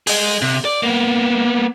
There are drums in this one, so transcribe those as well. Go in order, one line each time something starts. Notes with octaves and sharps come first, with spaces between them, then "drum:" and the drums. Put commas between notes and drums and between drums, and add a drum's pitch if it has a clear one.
G#4 D#5, drum: open hi-hat
C3
D5
A#3 B3